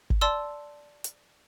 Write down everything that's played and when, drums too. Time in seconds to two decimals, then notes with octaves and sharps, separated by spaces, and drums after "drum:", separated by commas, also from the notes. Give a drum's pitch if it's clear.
0.10 drum: kick G1
0.21 D5 A5 C6 E6
1.04 drum: hi-hat